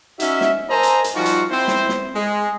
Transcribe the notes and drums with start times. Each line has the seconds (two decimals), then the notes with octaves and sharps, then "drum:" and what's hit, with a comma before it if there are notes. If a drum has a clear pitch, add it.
0.20 C#4 D#4 F#4 E5, drum: hi-hat
0.41 drum: snare
0.69 A4 A#4 C5 D#5 G#5 A#5
0.83 drum: hi-hat
1.04 drum: hi-hat
1.15 F3 G3 D#4 F4 F#4
1.25 drum: hi-hat
1.50 C4 E4 C5
1.68 drum: snare
1.89 drum: snare
2.14 G#3